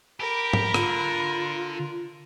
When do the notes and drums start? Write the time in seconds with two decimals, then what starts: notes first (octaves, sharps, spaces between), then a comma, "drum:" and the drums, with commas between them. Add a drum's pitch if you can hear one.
0.20 G4 A#4 B5
0.53 drum: tom G#2
0.74 D3 F4, drum: rim click